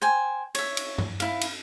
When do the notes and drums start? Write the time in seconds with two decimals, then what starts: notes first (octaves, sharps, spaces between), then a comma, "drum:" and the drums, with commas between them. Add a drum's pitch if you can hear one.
0.02 C5 G5 G#5
0.55 C#5 E5, drum: cymbal
0.77 drum: cymbal
0.98 drum: tom G2
1.20 E4 F5, drum: cymbal
1.41 drum: cymbal